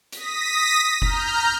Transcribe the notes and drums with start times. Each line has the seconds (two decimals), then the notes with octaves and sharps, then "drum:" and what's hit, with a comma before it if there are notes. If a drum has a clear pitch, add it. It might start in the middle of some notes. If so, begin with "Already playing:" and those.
0.12 D#6 A#6 B6, drum: hi-hat
1.02 A#5 F6 G6, drum: kick F1